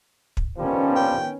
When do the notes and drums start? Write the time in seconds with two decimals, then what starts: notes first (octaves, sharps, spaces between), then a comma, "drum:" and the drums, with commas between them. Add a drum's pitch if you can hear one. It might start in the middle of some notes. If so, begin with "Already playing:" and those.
0.37 drum: kick
0.58 D#3 F3 G3 B3 C#4 D4
0.96 G5